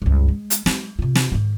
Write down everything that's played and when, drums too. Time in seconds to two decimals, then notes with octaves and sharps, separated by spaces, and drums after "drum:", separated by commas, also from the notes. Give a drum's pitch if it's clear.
0.02 C#2 G2
0.28 G#3
0.50 drum: hi-hat
0.66 F#3 G#3, drum: snare
0.99 C3 F4
1.15 drum: snare
1.32 G#2 D#3